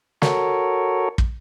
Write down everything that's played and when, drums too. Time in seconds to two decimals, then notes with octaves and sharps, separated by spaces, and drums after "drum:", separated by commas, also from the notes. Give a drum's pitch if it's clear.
0.22 F#4 A4 A#4 C#5, drum: snare
1.18 drum: kick